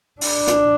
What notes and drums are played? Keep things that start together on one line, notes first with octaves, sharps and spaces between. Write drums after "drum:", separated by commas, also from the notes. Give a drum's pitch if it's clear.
D4, drum: open hi-hat
drum: hi-hat